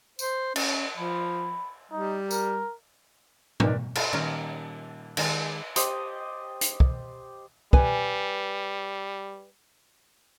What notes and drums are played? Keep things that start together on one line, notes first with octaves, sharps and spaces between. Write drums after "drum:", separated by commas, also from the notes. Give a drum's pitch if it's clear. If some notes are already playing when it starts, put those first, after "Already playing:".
C5, drum: tambourine
C#4, drum: cymbal
F3 B5
G3 D#4
A#4, drum: tambourine
D#4 A#4 B4 D5, drum: tom G#2
E4 F4 A4 B4 F5 C6, drum: cymbal
A#2 D#3 G3 C#4 A#4 C#5
D#3 G#3, drum: cymbal
G4 C5 D#5, drum: hi-hat
drum: hi-hat
drum: kick
G3 B4 G#5, drum: kick